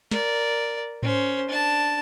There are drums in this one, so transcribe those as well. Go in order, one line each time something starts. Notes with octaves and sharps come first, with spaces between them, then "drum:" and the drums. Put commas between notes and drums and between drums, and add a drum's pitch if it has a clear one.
A#4 D5, drum: snare
C#4 C5, drum: tom G#2
D4 A5